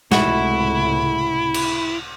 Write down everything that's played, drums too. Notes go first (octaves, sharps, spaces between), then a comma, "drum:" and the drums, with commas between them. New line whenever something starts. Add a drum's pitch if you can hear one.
C#2 A2 C3 E4 F#4 B5, drum: snare
drum: cymbal